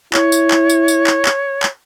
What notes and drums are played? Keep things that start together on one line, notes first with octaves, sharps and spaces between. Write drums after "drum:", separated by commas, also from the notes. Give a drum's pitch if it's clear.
E4 C#5, drum: clap
drum: tambourine
drum: clap
drum: tambourine
drum: tambourine
drum: clap
drum: clap
drum: clap